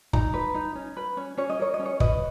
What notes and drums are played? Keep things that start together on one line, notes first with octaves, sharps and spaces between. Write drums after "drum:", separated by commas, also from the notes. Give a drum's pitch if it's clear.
D#4 A#5, drum: kick
B4
D#4
C#4
B4
C#4
C#4 C#5
D#5
A#4 C#5
D#5
C#4
C#5
B4 D#5, drum: kick